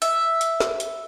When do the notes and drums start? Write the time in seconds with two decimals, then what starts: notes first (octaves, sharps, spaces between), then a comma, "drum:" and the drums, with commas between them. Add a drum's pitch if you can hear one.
0.02 E5, drum: hi-hat
0.41 drum: hi-hat
0.60 drum: snare
0.80 drum: hi-hat